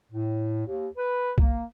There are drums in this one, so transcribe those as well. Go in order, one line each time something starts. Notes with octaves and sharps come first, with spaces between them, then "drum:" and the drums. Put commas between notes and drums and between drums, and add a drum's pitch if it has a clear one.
A2
D#2
B4
A#3, drum: kick